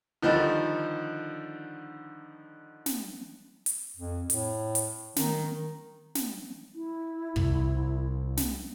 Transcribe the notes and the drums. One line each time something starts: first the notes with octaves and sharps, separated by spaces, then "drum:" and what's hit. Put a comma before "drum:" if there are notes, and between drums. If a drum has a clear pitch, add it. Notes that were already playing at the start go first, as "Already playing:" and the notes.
D3 D#3 F3 G3 D#4
drum: snare
drum: hi-hat
F2
A2, drum: hi-hat
drum: hi-hat
D#3, drum: snare
drum: snare
E4
C2, drum: kick
drum: snare